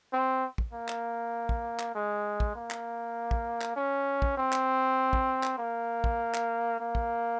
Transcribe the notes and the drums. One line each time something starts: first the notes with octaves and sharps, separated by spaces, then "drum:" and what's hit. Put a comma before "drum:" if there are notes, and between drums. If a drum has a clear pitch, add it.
C4
drum: kick
A#3
drum: clap
drum: kick
drum: clap
G#3
drum: kick
A#3
drum: clap
drum: kick
drum: clap
C#4
drum: kick
C4
drum: clap
drum: kick
drum: clap
A#3
drum: kick
drum: clap
A#3
drum: kick